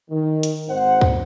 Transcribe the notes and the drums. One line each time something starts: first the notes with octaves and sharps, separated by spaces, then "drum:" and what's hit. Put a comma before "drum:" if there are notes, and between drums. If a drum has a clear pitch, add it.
D#3
drum: hi-hat
G#1 C5 F#5
drum: kick